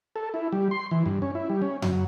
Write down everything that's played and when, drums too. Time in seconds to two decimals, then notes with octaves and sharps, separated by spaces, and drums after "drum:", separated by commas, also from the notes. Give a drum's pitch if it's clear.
0.16 A4
0.34 E4
0.52 G3
0.71 C6
0.91 E3
1.06 G2
1.22 C#4
1.35 E4
1.50 G3
1.62 C#4
1.82 F#3, drum: tom F#2